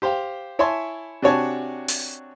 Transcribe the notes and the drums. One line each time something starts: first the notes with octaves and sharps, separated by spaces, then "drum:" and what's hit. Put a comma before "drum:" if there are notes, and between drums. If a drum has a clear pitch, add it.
G4 C5 F5 G5
E4 C#5 E5 G#5 A5 C6
C3 D4 F#4 C#5 G#5 A5
drum: open hi-hat